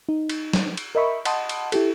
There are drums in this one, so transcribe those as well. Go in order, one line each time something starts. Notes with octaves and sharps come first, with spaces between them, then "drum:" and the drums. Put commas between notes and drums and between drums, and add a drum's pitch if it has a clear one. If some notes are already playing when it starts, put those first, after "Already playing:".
D#4
drum: cymbal
drum: snare
drum: cymbal
A#4 D#5 E5 B5 C#6
D#5 F#5 A5 B5 C6 D#6, drum: cymbal
drum: cymbal
E4 G4 A4, drum: cymbal